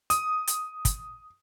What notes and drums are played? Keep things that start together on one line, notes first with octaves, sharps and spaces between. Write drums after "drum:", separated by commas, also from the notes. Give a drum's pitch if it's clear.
D#6, drum: hi-hat
drum: hi-hat
drum: kick, hi-hat